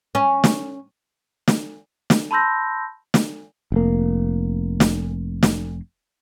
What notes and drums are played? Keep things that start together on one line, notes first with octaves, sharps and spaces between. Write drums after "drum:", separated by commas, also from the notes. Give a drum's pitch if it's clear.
C#4
drum: snare
drum: snare
drum: snare
A5 B5 C6 E6 G6 A#6
drum: snare
F1 A#3
drum: snare
drum: snare